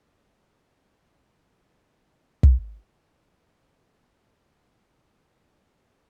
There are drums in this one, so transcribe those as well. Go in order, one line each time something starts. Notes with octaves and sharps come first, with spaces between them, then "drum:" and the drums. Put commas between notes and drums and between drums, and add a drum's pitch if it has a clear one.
C4
B4
C#4
B5
drum: kick
D3 G3 A3 D4
C3 C4